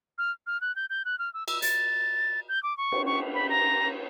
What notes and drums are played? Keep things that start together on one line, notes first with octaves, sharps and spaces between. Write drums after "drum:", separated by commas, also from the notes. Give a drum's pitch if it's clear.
F6
F6
F#6
G6
G6
F#6
F6
E6
E6, drum: cymbal
A6, drum: hi-hat
G6
D6
C#6
drum: cymbal
C#6
B5
A#5